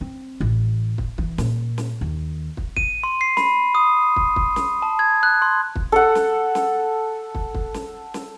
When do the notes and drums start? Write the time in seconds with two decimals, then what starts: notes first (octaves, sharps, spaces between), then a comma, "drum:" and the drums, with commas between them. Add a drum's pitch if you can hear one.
0.01 C4
0.41 A1
0.98 drum: kick
1.18 E3, drum: kick
1.38 A#2, drum: snare
1.78 drum: snare
2.01 D#2
2.57 drum: kick
2.77 D#7, drum: kick
3.04 C6
3.21 C7
3.37 B5, drum: snare
3.75 D#6
4.16 drum: kick
4.36 drum: kick
4.56 drum: snare
4.82 A5
4.99 G#6
5.23 F#6
5.42 C6
5.75 drum: kick
5.92 A4 F#5
6.15 drum: snare
6.55 drum: snare
7.35 drum: kick
7.54 drum: kick
7.74 drum: snare
8.14 drum: snare